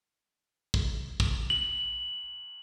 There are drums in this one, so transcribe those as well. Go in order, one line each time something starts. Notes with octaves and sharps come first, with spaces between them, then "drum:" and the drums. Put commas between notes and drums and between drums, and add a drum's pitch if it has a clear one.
drum: kick
drum: kick
F#7